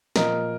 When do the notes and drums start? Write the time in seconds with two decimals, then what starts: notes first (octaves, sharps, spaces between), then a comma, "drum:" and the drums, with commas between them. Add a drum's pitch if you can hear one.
0.16 A#2 F3 A#3 A#4 D#5, drum: snare